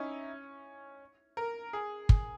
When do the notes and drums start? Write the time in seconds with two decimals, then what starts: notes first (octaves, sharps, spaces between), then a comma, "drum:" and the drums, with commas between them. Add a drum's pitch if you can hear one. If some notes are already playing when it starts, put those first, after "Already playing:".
Already playing: C#4 D#4 E4
1.37 A#4
1.73 G#4
2.09 drum: kick